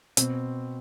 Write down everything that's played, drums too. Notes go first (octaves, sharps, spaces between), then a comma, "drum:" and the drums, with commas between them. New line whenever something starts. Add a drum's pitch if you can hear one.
B2 C4, drum: hi-hat